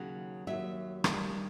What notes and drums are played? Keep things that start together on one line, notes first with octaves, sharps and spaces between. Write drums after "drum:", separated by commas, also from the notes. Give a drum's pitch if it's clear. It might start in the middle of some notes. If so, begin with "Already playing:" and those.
Already playing: D#2 C#3 F#3
D#2 C#3 F#3 E5
G2 D#3 G3, drum: rim click